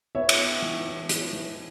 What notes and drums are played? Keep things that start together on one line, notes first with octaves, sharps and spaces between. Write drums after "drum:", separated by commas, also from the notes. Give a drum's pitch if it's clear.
B3 C#5 E5
drum: cymbal
B3
E3
B3
E3, drum: hi-hat
E3